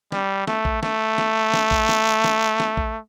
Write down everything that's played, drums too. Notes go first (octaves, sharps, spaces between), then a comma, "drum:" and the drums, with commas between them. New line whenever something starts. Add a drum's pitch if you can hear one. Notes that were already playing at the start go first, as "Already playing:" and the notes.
G3, drum: snare
A3, drum: snare
drum: kick A1
A3, drum: snare
drum: snare
drum: snare
drum: kick A1
drum: snare
drum: snare
drum: snare
drum: kick A1